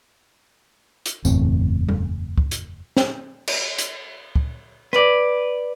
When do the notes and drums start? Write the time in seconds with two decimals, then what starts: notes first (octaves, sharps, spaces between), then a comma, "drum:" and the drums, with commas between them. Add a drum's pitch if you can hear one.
1.06 drum: hi-hat
1.25 F#1 E2 A2 C4, drum: tambourine
1.89 drum: tom G3
2.38 drum: kick
2.51 drum: hi-hat
2.97 drum: snare
3.48 drum: cymbal
3.78 drum: hi-hat
4.36 drum: kick
4.93 B4 D5, drum: rim click